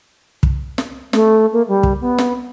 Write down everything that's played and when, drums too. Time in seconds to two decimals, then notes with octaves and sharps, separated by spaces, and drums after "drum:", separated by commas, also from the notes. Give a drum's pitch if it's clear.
0.43 drum: kick
0.78 drum: snare
1.13 A3, drum: snare
1.53 A#3
1.68 G3
1.83 drum: kick
2.01 B3
2.18 drum: snare